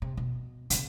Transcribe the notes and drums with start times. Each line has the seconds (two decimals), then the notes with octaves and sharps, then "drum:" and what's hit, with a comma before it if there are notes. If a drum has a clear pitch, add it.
0.02 C3
0.17 B2
0.70 C#3 B3, drum: hi-hat